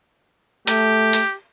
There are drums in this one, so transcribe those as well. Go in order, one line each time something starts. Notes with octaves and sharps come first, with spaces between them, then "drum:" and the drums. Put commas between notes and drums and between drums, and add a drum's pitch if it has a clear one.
A3 G4, drum: hi-hat
drum: hi-hat